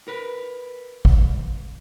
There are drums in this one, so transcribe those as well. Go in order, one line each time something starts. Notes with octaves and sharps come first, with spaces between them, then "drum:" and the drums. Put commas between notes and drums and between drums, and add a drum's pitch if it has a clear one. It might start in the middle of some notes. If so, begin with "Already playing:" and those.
A#4 B4
drum: kick